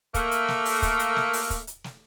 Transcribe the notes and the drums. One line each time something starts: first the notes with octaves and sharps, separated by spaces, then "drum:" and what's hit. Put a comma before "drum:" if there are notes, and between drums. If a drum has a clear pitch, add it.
A3 A#3, drum: kick, hi-hat
drum: hi-hat
drum: snare
drum: open hi-hat
drum: kick, hi-hat
drum: hi-hat
drum: snare
drum: open hi-hat
drum: kick, hi-hat
drum: hi-hat
drum: snare